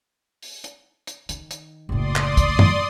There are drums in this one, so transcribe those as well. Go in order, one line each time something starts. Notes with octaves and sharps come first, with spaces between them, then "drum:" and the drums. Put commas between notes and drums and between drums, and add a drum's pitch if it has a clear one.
drum: open hi-hat
drum: hi-hat
drum: hi-hat
D#3, drum: hi-hat
drum: hi-hat
F#1 A2 D5 C6 D#6
drum: clap
drum: kick, hi-hat
drum: tom F#2